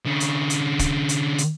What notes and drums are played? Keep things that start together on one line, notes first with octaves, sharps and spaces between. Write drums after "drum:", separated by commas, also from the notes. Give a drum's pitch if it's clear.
D3 C#4
drum: hi-hat
drum: hi-hat
drum: kick, hi-hat
drum: hi-hat
drum: hi-hat